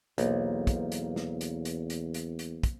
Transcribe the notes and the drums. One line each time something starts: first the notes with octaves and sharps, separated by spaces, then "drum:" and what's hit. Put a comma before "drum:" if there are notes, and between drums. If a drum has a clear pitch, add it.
B1 E2 F#3 A#3 C5, drum: hi-hat
drum: kick, hi-hat
drum: hi-hat
drum: snare
drum: hi-hat
drum: hi-hat
drum: hi-hat
drum: hi-hat
drum: hi-hat
drum: kick, hi-hat